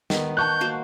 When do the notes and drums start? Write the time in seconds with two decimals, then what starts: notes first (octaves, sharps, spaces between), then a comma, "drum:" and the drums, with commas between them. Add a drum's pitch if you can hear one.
0.10 D#3 B3, drum: snare
0.37 A5 C#6 F#6 G6
0.61 A#3 F#4 C5